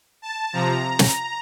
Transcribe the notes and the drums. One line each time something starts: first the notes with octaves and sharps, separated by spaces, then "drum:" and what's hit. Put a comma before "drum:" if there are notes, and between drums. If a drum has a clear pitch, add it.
A5
C3 F3 A#5
drum: snare